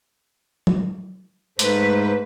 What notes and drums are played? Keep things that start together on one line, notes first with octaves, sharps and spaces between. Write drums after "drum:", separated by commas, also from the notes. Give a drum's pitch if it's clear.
drum: tom
G#2 A3 B4 C5, drum: hi-hat